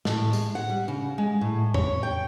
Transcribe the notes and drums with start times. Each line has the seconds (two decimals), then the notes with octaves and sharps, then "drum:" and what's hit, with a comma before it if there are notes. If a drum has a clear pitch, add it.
0.05 A2, drum: snare
0.33 G#3, drum: tambourine
0.55 F#5
0.70 G3
0.88 C#3
1.18 G#3
1.41 A2
1.74 C#5, drum: tom E2
2.03 G5